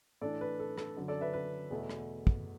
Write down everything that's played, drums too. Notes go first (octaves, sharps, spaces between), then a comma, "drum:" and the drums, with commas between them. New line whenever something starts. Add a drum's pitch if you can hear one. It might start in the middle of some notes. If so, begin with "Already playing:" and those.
A2 E3 D4 A4 D5
B4
A4
A4, drum: rim click
F#2 D3 F#3
A4 D5
B4 E5
B4
E2 B2 A3
drum: rim click
drum: kick